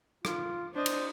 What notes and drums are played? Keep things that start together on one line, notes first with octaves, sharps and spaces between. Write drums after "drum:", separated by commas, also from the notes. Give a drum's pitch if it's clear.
F4, drum: rim click
D4 C5 D#5
drum: cymbal